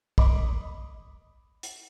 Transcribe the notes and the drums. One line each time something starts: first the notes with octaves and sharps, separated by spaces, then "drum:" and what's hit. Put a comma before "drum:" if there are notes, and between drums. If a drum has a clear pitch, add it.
D#5 B5 D6, drum: kick
drum: hi-hat